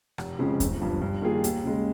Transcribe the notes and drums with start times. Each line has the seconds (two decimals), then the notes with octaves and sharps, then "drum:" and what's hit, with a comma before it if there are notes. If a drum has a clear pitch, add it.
0.18 F1, drum: rim click
0.39 F2 C#3 F3 G#3
0.60 G1, drum: kick D#2, hi-hat
0.81 G2 F3
1.02 G2
1.22 D#3 A#3 F4 G#4
1.44 D#2, drum: hi-hat
1.64 C#3 G#3